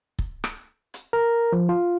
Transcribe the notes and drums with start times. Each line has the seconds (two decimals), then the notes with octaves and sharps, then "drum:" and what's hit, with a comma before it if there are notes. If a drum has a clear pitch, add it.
0.19 drum: kick
0.44 drum: rim click
0.94 drum: hi-hat
1.13 A#4
1.53 F3
1.69 F4